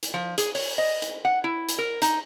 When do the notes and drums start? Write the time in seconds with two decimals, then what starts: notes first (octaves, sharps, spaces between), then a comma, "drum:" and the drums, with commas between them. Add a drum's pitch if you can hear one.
0.03 drum: hi-hat
0.14 F3
0.38 G#4, drum: hi-hat
0.55 C#5, drum: open hi-hat
0.78 D#5
1.02 drum: hi-hat
1.25 F#5
1.44 E4
1.69 drum: hi-hat
1.78 A#4
2.02 D#4, drum: hi-hat